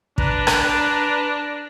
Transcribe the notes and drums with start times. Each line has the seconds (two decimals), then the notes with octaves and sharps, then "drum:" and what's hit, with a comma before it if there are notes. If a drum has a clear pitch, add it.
0.18 D4 B4 A#5 F#6, drum: kick
0.47 drum: rim click